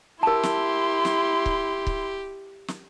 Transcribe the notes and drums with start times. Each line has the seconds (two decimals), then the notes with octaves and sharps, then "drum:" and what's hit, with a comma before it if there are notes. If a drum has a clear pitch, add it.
0.23 E4 G4 A#4 A5 C6
0.43 drum: snare
1.05 drum: snare
1.46 drum: kick C#1
1.87 drum: kick C#1
2.68 drum: snare